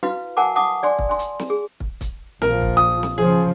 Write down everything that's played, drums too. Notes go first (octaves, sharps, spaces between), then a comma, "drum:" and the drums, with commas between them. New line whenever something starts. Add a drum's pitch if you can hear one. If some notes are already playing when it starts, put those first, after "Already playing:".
E4 F#4 B4 F5
A#4 F#5 G#5 A5 D6
F#5 A5 D6 D#6
D5 G#5 C6
drum: kick
G#5 C6
drum: hi-hat
drum: snare
G#4
drum: kick
drum: kick, hi-hat
A#1 F3 A#4, drum: snare
drum: kick
D#6
drum: snare
C#3 F3 G#4